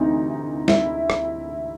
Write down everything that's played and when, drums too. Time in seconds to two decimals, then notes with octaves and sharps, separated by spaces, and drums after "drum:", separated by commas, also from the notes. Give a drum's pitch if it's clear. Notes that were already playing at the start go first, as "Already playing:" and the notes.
Already playing: D2 C3 E3 D#4
0.68 E4, drum: snare
1.10 drum: rim click